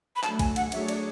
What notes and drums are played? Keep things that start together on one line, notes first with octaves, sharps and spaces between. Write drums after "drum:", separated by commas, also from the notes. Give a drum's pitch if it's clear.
B5
D3 F#3 A3 A5, drum: clap
G#5, drum: kick, cymbal
F#5, drum: cymbal
F#3 A3 D4 G#4 C#5 E5, drum: cymbal
D5, drum: cymbal